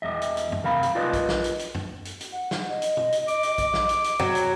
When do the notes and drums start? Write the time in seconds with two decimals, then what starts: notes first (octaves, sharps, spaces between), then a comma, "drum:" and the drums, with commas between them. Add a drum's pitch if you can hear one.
0.02 E2 D#5 E5
0.22 drum: hi-hat
0.37 drum: hi-hat
0.52 drum: tom
0.63 C2 A#4 F5 B5
0.83 drum: hi-hat
0.95 F4 A#4 B4 D5 D#5
1.13 drum: kick, hi-hat
1.29 drum: snare
1.44 drum: hi-hat
1.59 drum: hi-hat
1.75 drum: tom
2.05 drum: hi-hat
2.21 drum: hi-hat
2.32 F#5
2.51 drum: snare
2.70 D#5
2.82 drum: hi-hat
2.97 drum: tom
3.12 drum: hi-hat
3.28 D6, drum: hi-hat
3.43 drum: hi-hat
3.58 drum: kick, hi-hat
3.74 drum: snare
3.89 drum: hi-hat
4.04 drum: hi-hat
4.20 F#3, drum: tom
4.35 drum: hi-hat